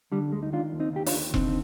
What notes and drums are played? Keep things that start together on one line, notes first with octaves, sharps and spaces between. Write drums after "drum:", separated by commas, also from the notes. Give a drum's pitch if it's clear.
D3 G3
D2 G#3
D#4
D#3 D4 F4
D#2
C4 D#4
D#3 G4
D4 F4, drum: open hi-hat
D#2
D3 C4 D#4, drum: kick E1